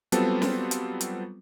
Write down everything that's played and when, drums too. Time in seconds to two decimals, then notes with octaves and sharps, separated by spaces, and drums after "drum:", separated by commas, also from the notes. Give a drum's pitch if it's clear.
0.12 F#3 G3 B3 C4 F4 A4, drum: hi-hat
0.42 drum: snare
0.71 drum: hi-hat
1.01 drum: hi-hat